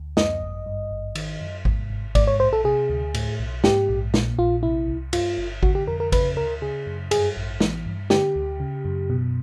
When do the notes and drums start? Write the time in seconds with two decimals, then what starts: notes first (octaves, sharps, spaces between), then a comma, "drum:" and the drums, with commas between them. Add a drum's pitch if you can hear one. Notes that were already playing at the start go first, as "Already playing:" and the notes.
Already playing: D2
0.17 F#2 D#5, drum: snare
0.42 G#1
0.66 G2
0.91 G#1
1.15 D#3, drum: cymbal
1.41 F#2
1.65 G#2, drum: kick G#1
1.90 G#1
2.15 G#2 D5, drum: kick G#1, cymbal
2.27 C#5
2.40 A#1 C5
2.53 A4
2.64 C3 G#4
2.90 D2
3.14 A2, drum: cymbal
3.39 B1
3.64 G#2 G4, drum: snare
3.89 A#1
4.14 A#2, drum: snare
4.38 A#1 F4
4.63 C3 E4
4.88 C2
5.13 G2 F4, drum: cymbal
5.38 G1
5.63 D3 F#4, drum: kick G#1
5.75 G4
5.87 F2 A#4
6.00 A#4
6.12 C#3 B4, drum: kick G#1, cymbal
6.37 D2 A#4
6.62 C#3 G#4
6.87 F#2
7.11 G2 G#4, drum: cymbal
7.36 A1
7.60 E3, drum: snare
7.86 G2
8.10 D3 G4, drum: snare
8.35 D2
8.60 C#3
8.85 F#2
9.10 B2